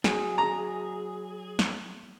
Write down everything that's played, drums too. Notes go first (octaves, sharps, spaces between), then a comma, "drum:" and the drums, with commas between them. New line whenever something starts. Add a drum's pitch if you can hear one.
F#3 G#4, drum: snare
A#5
drum: snare